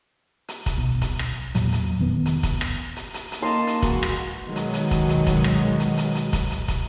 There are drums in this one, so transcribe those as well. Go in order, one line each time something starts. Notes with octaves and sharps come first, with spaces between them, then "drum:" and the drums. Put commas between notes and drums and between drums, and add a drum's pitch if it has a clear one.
drum: hi-hat
drum: kick, hi-hat
B1
drum: kick, hi-hat
drum: rim click
E2 A#2 F#3, drum: hi-hat
drum: hi-hat
F1 D#3 B3
drum: hi-hat
drum: kick, hi-hat
drum: rim click
drum: hi-hat
drum: hi-hat
drum: hi-hat
A#3 C#4 D#4 A5 C6
drum: hi-hat
E3 G#3 F#4, drum: kick, hi-hat
drum: rim click
B2 D#3 F#3 G#3
drum: hi-hat
drum: hi-hat
drum: kick, hi-hat
drum: hi-hat
drum: kick, hi-hat
drum: rim click
drum: hi-hat
drum: hi-hat
drum: hi-hat
drum: kick, hi-hat
drum: hi-hat
drum: kick, hi-hat